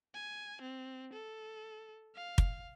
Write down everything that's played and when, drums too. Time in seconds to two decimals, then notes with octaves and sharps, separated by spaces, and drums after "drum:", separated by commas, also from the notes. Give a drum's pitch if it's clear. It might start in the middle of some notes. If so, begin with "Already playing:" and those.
0.15 G#5
0.62 C4
1.13 A4
2.16 F5
2.38 drum: kick